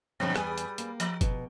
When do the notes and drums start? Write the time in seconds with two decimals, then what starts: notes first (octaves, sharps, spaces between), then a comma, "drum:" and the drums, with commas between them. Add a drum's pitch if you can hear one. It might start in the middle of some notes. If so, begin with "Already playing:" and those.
0.20 G2 A#2 D3 F3 C4
0.36 E2 G3 G#4 B4 G#5, drum: rim click
0.58 drum: hi-hat
0.78 A#3, drum: hi-hat
1.00 F3, drum: hi-hat
1.21 B2, drum: kick F#1, hi-hat